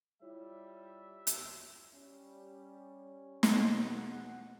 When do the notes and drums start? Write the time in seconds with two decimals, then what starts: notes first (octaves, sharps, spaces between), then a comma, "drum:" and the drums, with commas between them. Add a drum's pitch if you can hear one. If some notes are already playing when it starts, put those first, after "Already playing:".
0.22 G3 E4 F4 C#5 E5
1.27 drum: hi-hat
1.95 G3 C#4
3.43 E2 B2 F3 G#4 F#5, drum: snare